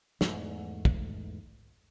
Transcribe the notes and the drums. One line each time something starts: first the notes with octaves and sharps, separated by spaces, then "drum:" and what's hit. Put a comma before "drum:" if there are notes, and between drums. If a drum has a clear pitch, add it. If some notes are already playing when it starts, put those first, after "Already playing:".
E2 G#2 A3, drum: snare
drum: kick